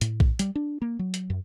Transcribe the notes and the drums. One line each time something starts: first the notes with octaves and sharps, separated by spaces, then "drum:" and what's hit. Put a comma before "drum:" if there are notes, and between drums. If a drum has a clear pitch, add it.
A2, drum: hi-hat
drum: kick A#1
G3, drum: hi-hat
D4
A#3
F#3
drum: hi-hat
F#2